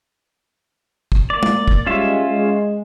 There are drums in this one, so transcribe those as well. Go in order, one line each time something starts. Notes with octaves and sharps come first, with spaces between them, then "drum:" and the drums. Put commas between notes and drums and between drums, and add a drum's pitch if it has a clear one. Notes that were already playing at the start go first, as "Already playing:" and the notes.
drum: kick
A#3 D5
drum: tom
drum: kick
G3 G#3 C#4 F4 E5
G#3